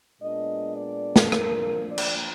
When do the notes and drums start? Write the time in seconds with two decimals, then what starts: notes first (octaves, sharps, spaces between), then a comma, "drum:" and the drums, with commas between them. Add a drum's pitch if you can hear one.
0.20 A#2 G#3 B3 D4 D#5
0.76 D5
1.16 drum: snare
1.32 F3 A#3 D4 A#4, drum: rim click
1.89 D5
1.98 drum: cymbal